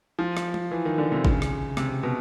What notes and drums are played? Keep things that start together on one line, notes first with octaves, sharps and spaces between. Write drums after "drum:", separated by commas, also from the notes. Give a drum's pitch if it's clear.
F3
drum: rim click
drum: tom G#3
E3
D#3
D3
C3
C#3, drum: kick G#1
drum: rim click
C3, drum: rim click
B2